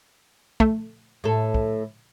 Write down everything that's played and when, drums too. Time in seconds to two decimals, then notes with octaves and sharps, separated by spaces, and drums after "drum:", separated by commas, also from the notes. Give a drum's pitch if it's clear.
0.60 A3, drum: kick
1.24 A2 A4
1.54 drum: kick